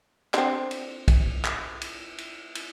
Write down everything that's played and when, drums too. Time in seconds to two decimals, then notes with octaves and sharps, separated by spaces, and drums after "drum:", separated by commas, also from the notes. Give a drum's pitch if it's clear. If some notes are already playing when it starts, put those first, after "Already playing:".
0.34 D3 C4, drum: clap
0.71 drum: cymbal
1.08 drum: kick, cymbal
1.45 drum: clap
1.81 drum: cymbal
2.18 drum: cymbal
2.55 drum: cymbal